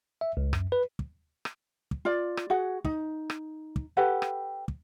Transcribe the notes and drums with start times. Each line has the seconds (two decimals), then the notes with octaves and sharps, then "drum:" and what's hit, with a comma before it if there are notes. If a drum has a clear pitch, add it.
0.21 E5
0.37 C#2
0.53 F#2, drum: rim click
0.72 B4
0.99 drum: kick
1.45 drum: rim click
1.91 drum: kick
2.05 F4 D5
2.37 drum: rim click
2.50 F#4 G#4 F#5
2.84 D#4, drum: kick
3.30 drum: rim click
3.76 drum: kick
3.97 G4 A4 B4 F#5
4.22 drum: rim click
4.68 drum: kick